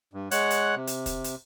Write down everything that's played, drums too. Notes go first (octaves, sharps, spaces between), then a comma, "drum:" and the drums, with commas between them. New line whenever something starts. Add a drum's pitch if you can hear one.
G2
G#3 C#5 F#5 F#6, drum: hi-hat
drum: hi-hat
C3
drum: hi-hat
drum: kick, hi-hat
drum: hi-hat